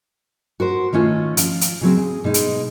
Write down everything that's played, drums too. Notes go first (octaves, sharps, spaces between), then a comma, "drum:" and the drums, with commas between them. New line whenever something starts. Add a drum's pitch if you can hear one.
F#4 A#4 C5
D#3 A3 C#4 F4
F3 F5, drum: hi-hat
drum: hi-hat
C#3 F#3 C4
G#4
B2 G#3 D#4
drum: hi-hat